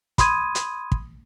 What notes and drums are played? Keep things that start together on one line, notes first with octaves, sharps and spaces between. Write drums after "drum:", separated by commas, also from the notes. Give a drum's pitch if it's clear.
B5 C6 D#6 G#6 D#7, drum: kick, hi-hat
drum: hi-hat
drum: kick